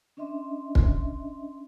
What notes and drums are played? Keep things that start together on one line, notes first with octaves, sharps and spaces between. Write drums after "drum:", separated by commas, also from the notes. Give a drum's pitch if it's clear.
C#4 D4 D#5 E5 C6
drum: kick